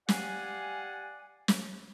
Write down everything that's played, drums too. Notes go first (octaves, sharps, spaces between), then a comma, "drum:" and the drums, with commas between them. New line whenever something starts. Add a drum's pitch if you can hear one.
G4 D5 F5 F#5 G#5, drum: snare
drum: snare